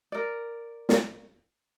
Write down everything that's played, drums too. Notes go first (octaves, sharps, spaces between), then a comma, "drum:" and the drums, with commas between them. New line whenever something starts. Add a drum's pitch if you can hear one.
A#4 D5
drum: snare